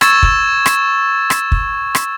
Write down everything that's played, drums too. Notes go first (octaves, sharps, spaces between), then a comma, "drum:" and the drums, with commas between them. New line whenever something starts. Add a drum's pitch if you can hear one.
C#6 E6 G#6 A6 E7, drum: rim click
drum: kick
drum: rim click
drum: rim click
drum: kick
drum: rim click